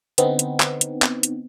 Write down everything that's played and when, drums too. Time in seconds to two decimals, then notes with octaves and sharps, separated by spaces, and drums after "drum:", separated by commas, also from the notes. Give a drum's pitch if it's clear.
0.18 D3 B3 C4 D#4, drum: hi-hat
0.39 drum: hi-hat
0.60 drum: clap
0.81 drum: hi-hat
1.02 drum: clap
1.23 drum: hi-hat